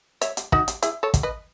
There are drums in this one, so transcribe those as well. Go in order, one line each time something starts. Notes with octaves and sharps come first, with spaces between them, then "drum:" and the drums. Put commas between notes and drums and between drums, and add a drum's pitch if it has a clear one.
C#5 E5, drum: hi-hat
drum: hi-hat
D#4 F#4, drum: kick
drum: hi-hat
E4 G#4, drum: hi-hat
A4 C#5
drum: kick, hi-hat
B4 D#5